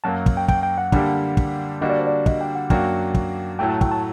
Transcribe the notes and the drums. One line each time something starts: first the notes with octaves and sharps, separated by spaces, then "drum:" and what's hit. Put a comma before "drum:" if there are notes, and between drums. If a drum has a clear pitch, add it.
F#2 F#3 A#3 A5
drum: kick
G5
G5, drum: kick
G5
F#5
D3 G3 A#3 D4 G4, drum: kick
drum: kick
D3 G3 A#3 D4 F#4 D#5
D5
C5
D5
D#5, drum: kick
G5
F#5
F#2 F#3 A#3 D4 F#4 G5, drum: kick
drum: kick
A2 F#3 A3 G5
A5
G5, drum: kick
A5